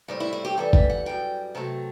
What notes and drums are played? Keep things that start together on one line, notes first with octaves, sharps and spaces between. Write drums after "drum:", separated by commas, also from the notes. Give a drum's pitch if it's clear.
A2 G3 C4
E4
E4
G4
G2 E3 G3 A4
E5, drum: kick G1
F#5
F#2 E3 G3 G5
C3 D#3 F#3 A3 C4 A5